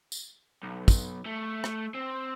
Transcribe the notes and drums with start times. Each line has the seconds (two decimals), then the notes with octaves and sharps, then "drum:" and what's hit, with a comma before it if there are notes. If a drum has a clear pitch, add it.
0.12 drum: tambourine
0.63 B1
0.88 drum: kick, tambourine
1.26 A3
1.64 drum: rim click
1.95 C4